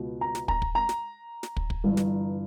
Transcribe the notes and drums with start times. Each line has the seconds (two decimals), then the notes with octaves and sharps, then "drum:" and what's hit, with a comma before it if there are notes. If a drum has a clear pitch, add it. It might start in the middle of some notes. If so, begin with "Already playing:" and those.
Already playing: C#2 B2
0.21 A#5
0.35 drum: snare
0.48 A#5, drum: kick
0.62 drum: kick
0.75 A#5
0.89 drum: snare
1.43 drum: snare
1.57 drum: kick
1.70 drum: kick
1.84 G1 G2 E3
1.97 drum: snare